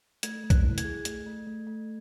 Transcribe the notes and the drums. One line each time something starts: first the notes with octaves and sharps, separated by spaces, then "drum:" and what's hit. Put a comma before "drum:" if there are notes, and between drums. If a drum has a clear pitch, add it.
A3 G#6, drum: hi-hat
A3
F#6, drum: kick, hi-hat
E4
G#6, drum: hi-hat
G#4
A3, drum: hi-hat
A3
A3
A3